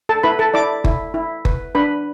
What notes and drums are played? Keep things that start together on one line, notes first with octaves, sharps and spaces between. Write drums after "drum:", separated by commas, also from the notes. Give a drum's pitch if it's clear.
A4 A5
E4 B4 B5
A4 A5
E4 D5 D6
E4, drum: kick F#1
E4
B4, drum: kick F#1
D4 B4 B5